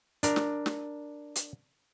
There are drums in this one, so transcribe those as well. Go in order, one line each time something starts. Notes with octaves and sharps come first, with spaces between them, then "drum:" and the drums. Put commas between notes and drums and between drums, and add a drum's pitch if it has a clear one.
D4 A#4, drum: hi-hat
drum: snare
drum: snare
drum: hi-hat